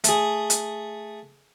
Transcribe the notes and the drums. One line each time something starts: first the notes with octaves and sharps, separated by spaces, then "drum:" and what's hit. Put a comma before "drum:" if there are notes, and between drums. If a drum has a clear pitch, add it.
A3 G#4, drum: hi-hat
drum: hi-hat